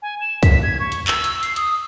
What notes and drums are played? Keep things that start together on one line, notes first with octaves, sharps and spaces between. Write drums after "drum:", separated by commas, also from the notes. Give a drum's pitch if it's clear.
G#5
E7
B6, drum: kick, hi-hat
G#6
C#6
drum: hi-hat
E6, drum: clap
drum: hi-hat
C7, drum: hi-hat
D#6, drum: hi-hat